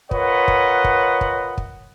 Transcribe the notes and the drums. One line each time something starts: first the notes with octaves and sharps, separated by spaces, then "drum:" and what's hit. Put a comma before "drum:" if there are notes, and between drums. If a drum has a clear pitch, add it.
F4 A#4 B4 C#5 D#5 F#5, drum: kick
drum: kick
drum: kick
drum: kick
drum: kick